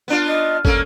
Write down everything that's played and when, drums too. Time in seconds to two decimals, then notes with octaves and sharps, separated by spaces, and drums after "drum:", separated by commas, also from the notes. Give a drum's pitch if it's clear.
0.08 B3 D4 F4
0.27 D#5
0.65 A#3 C#4 A4, drum: kick